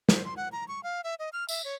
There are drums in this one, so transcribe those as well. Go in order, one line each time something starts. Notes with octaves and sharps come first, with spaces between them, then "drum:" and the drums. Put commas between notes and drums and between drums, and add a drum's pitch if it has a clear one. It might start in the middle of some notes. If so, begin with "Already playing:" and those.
C5, drum: snare
C6
F#5
A#5
C#6
F5
E5
D#5
F6
E5, drum: tambourine
C#5